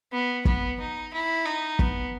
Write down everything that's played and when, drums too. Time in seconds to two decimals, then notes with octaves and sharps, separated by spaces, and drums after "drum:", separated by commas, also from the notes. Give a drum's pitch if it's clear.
0.12 B3
0.45 B3, drum: kick
0.80 D#4
1.13 E4
1.45 D#4
1.79 B3, drum: kick